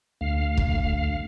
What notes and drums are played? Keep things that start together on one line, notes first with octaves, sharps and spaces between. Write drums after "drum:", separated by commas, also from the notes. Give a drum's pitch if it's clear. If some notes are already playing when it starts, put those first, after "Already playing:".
D2 F5
drum: kick